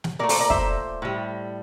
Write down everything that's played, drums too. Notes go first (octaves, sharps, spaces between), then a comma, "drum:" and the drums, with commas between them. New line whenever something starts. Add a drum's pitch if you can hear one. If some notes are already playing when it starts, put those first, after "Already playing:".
drum: snare
A#2 A3 A#4 D5
A4 C5, drum: open hi-hat
A#4 D5
C5 E5, drum: kick
A2 G3